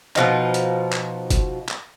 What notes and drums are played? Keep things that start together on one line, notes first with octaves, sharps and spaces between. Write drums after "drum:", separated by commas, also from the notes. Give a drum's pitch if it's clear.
B2 F3 D#4, drum: clap
drum: hi-hat
drum: clap
drum: kick F#1, hi-hat
drum: clap